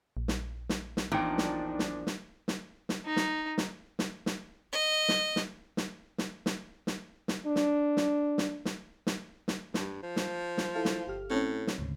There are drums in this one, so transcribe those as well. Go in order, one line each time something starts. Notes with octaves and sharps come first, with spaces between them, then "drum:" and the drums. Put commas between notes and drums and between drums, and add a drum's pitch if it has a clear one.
A#1
drum: snare
drum: snare
drum: snare
E2 A#2 F3 D4 D#4 G5
drum: snare
drum: snare
drum: snare
drum: snare
drum: snare
D#4
drum: snare
drum: snare
drum: snare
drum: snare
D#5
drum: snare
drum: snare
drum: snare
drum: snare
drum: snare
drum: snare
drum: snare
D4
drum: snare
drum: snare
drum: snare
drum: snare
drum: snare
drum: snare
G2, drum: snare
F3
drum: snare
drum: snare
E4 A4 F5
drum: snare
G1 G4 F6
A2 C4 C#4
drum: snare
D2 G#2 C#3